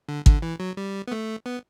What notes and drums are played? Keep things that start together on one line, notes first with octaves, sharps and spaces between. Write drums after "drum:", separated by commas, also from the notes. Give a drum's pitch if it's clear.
D3
D3, drum: kick
E3
F#3
G3
B3
A3
B3